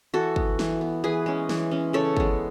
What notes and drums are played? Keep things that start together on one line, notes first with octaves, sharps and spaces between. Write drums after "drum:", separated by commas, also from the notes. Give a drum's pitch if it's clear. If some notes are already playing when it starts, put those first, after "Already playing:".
E3 F#4 A4
B3, drum: kick
E3, drum: snare
B3
E3 G#4 B4
G#3 C#4
E3, drum: snare
G#3 C#4
C#3 A4 C#5
G#3 B3, drum: kick